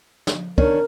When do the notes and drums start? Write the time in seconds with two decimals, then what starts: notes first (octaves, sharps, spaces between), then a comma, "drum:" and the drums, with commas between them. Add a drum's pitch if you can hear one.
0.27 drum: snare
0.58 D#3 C#4 D4 A#4, drum: kick